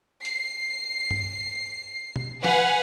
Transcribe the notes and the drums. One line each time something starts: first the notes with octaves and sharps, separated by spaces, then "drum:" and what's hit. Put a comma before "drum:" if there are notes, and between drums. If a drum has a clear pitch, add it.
C7, drum: hi-hat
drum: tom G2
drum: tom B2
B4 F5 F#5 G#5, drum: snare